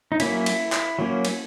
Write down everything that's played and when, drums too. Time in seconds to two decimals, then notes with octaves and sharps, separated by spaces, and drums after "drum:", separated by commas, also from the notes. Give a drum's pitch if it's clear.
0.12 D#4
0.20 F#3 A#3 C#4 E4, drum: cymbal
0.46 drum: cymbal
0.72 drum: clap
0.99 F#3 A#3 C#4
1.25 drum: cymbal